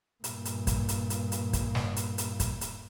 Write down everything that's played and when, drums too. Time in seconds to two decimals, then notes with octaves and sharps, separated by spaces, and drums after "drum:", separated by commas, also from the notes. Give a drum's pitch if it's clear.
0.24 G2 A#2, drum: hi-hat
0.45 drum: hi-hat
0.67 drum: kick, hi-hat
0.89 drum: hi-hat
1.10 drum: hi-hat
1.32 drum: hi-hat
1.53 drum: kick, hi-hat
1.75 drum: snare
1.96 drum: hi-hat
2.18 drum: hi-hat
2.40 drum: kick, hi-hat
2.61 drum: hi-hat